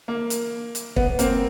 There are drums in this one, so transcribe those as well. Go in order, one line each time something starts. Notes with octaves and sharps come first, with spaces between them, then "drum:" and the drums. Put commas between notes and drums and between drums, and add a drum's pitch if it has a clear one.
A#3
drum: hi-hat
drum: hi-hat
B3, drum: kick
A#3 C4, drum: hi-hat